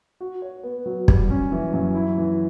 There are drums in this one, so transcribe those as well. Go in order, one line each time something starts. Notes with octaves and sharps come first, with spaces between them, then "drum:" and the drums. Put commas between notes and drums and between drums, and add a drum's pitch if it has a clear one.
F#4
C#5
B3
F#3
G3, drum: kick
C#4
E3
F#2
E4
E3